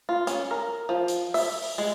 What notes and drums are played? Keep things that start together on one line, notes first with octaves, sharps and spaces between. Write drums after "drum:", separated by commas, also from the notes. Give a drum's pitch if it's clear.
F4
C#4, drum: hi-hat
A#4
F3
drum: hi-hat
E5, drum: open hi-hat
drum: open hi-hat
G#3